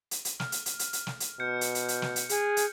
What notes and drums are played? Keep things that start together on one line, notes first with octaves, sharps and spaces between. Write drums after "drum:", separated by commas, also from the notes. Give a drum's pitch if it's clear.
drum: hi-hat
drum: hi-hat
F6, drum: snare
drum: hi-hat
drum: hi-hat
drum: hi-hat
drum: hi-hat
drum: snare
drum: hi-hat
B2 F6 G6 C#7
drum: hi-hat
drum: hi-hat
drum: hi-hat
drum: snare
drum: hi-hat
G#4, drum: hi-hat
drum: hi-hat